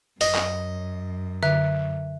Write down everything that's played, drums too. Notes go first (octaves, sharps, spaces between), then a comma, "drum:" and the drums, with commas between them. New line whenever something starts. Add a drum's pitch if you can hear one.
F#2 D#5, drum: open hi-hat
drum: clap
D3 E5 F#6